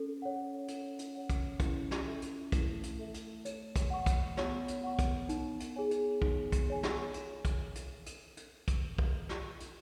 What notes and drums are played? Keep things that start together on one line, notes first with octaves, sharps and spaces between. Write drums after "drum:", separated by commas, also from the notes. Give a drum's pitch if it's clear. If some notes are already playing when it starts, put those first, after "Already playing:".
Already playing: C#4 A4
C#5 F#5
A4, drum: hi-hat
drum: hi-hat
C#5 F#5
drum: kick, hi-hat
C#4 E4, drum: kick, hi-hat
drum: snare
A4 E5
drum: hi-hat
A3 E4, drum: kick, hi-hat
drum: hi-hat
A4 E5
drum: hi-hat
C#5, drum: hi-hat
drum: kick, hi-hat
F#5 C#6
drum: kick, hi-hat
B3 C#5, drum: snare
drum: hi-hat
F#5 C#6
drum: kick, hi-hat
D#4, drum: hi-hat
drum: hi-hat
G#4 C#5 G#5
drum: hi-hat
D#4, drum: kick
drum: kick, hi-hat
G#4 C#5 G#5
drum: snare
drum: hi-hat
drum: kick, hi-hat
drum: hi-hat
drum: hi-hat
drum: hi-hat
drum: kick, hi-hat
drum: kick
drum: snare
drum: hi-hat